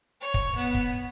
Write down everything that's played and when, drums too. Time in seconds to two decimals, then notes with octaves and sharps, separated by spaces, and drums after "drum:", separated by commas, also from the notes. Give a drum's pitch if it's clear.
0.21 C#5
0.34 drum: kick
0.55 B3
0.74 drum: kick